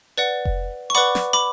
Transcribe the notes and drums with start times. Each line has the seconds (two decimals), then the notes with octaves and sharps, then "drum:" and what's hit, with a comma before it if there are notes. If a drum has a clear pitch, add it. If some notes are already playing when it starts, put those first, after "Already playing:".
0.18 B4 D5 F#5
0.45 drum: kick F1
0.90 C#6
0.95 B4 D5 F#5 B5 D6
1.15 drum: snare
1.33 B5 D6